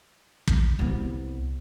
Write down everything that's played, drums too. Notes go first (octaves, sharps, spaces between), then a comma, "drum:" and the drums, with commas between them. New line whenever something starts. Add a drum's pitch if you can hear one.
drum: kick
C2 B3